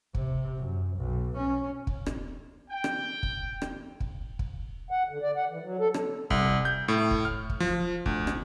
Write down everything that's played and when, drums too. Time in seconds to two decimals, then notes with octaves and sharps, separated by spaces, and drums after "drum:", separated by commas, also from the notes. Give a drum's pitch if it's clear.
0.15 C3, drum: kick
0.57 F#2
0.97 B1
1.37 C#4
1.87 drum: kick
2.06 drum: rim click
2.70 G5
2.84 drum: rim click
3.23 drum: kick
3.62 drum: rim click
4.00 drum: kick
4.39 drum: kick
4.91 F#5
5.09 D3
5.22 D5
5.36 F#5
5.50 E3
5.62 F#3
5.79 A4
5.94 drum: rim click
6.30 C2, drum: kick
6.65 G6
6.88 A2
7.11 drum: kick
7.25 F6
7.50 drum: kick
7.60 F3
8.06 D2, drum: kick
8.27 drum: rim click